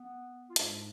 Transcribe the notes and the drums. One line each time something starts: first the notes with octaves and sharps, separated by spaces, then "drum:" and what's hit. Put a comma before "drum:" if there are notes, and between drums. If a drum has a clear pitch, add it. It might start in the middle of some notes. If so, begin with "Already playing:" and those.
Already playing: B3
F4
G#2 G#3 D4, drum: hi-hat